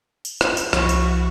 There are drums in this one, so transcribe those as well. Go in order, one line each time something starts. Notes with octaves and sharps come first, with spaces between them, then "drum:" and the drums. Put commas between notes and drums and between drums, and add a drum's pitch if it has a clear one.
drum: tambourine
drum: rim click
drum: tambourine
C2 F3 E4 F#4, drum: rim click
drum: tambourine